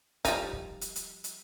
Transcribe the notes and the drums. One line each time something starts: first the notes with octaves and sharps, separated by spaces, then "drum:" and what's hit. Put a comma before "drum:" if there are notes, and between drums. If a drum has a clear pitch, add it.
F3 G3 D#4, drum: kick, hi-hat
drum: kick
drum: hi-hat
drum: hi-hat
drum: hi-hat